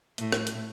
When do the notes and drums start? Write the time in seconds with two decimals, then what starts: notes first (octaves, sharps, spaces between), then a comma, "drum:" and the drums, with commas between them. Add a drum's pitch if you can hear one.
0.18 A2, drum: hi-hat
0.32 drum: rim click
0.47 drum: hi-hat